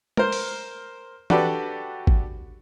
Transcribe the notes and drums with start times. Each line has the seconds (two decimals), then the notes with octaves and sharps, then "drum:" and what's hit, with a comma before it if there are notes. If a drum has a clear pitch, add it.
0.17 A#4 C5, drum: tom G#3
0.32 drum: open hi-hat
1.30 D4 F#4 G4 A4 B4 D5, drum: tom E3
2.07 drum: kick G#1